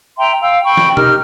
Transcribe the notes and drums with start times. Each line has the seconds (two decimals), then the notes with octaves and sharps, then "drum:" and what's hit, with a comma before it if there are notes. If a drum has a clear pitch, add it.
0.18 E5 G5 A#5 C6
0.42 F5 G5 E6
0.64 G5 B5 C#6
0.77 drum: snare
0.97 D#4 G4 A#4 F6, drum: tom B2